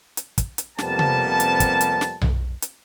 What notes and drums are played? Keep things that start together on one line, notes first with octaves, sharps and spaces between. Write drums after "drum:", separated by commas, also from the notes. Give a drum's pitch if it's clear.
drum: hi-hat
drum: kick, hi-hat
drum: hi-hat
F2 C3 G3 A#3 B3 A5, drum: snare
drum: tom C3
drum: hi-hat
drum: kick, hi-hat
drum: hi-hat
drum: snare
drum: tom B1
drum: hi-hat